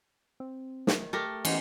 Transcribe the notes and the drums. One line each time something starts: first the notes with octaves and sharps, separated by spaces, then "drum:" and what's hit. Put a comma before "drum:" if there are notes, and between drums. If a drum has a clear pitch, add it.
C4
D#3 E4, drum: snare
A3 G4 A4 A#4
E3 G#3 B3 C#4 D#4, drum: cymbal